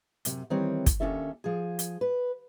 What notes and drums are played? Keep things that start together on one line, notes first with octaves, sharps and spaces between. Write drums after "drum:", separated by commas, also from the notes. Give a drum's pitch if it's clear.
F#2 C3, drum: hi-hat
D#3 E3 G3 C4 C#5
drum: kick, hi-hat
D#2 B2 C#4 D4 A4 E5
F3 G#4
drum: hi-hat
B4